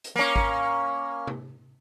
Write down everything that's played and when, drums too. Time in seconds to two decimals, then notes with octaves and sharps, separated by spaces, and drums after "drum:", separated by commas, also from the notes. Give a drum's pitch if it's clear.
0.04 drum: hi-hat
0.16 A#3 C#4
0.36 drum: kick G#1
1.27 drum: tom C3